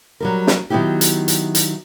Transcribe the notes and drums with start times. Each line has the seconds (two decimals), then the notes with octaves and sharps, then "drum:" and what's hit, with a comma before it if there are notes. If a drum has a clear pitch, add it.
0.20 F#3 G3 A#4
0.47 drum: snare
0.70 D#3 F#3 B3 E4 G4
1.01 drum: hi-hat
1.28 drum: hi-hat
1.55 drum: hi-hat